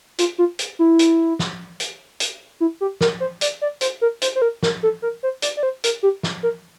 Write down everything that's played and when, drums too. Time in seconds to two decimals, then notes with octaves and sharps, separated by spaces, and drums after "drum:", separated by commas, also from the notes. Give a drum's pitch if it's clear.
0.18 F4, drum: hi-hat
0.38 F4
0.59 drum: hi-hat
0.79 E4
0.99 drum: hi-hat
1.39 drum: snare
1.80 drum: hi-hat
2.20 drum: hi-hat
2.60 E4
2.81 G4
3.01 A#4, drum: snare
3.20 C5
3.41 D5, drum: hi-hat
3.62 D5
3.81 C5, drum: hi-hat
4.01 A#4
4.22 C5, drum: hi-hat
4.35 C5
4.42 A#4
4.63 A#4, drum: snare
4.83 A4
5.02 A#4
5.23 C5
5.42 D5, drum: hi-hat
5.57 D5
5.63 C5
5.84 A#4, drum: hi-hat
6.03 G4
6.23 drum: snare
6.43 A#4